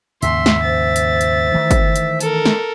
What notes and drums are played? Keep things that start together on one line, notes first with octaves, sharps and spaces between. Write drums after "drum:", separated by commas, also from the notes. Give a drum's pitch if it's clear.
D#2 G#2 C#3 E5 C6, drum: hi-hat
drum: snare
C5 A6
drum: hi-hat
drum: hi-hat
D#3 E3 A3
drum: kick, hi-hat
drum: hi-hat
A4 A#4, drum: hi-hat
drum: snare